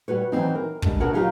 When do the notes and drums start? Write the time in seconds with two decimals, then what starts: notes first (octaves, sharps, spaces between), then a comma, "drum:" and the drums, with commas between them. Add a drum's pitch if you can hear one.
0.08 G3 F#4 B4 C#5
0.32 E3 F#3 G3 C4 D#4
0.55 A#4
0.82 D3 G3 G#3, drum: kick
1.00 B2 D4 F#4 A#4 C#5 F#5
1.13 F#3 D#4 F4 G4 G#4 F5